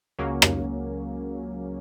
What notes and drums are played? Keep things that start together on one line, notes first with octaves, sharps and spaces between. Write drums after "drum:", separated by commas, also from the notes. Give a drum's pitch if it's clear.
C#2 C#3 F#3 A#3 C#4
drum: rim click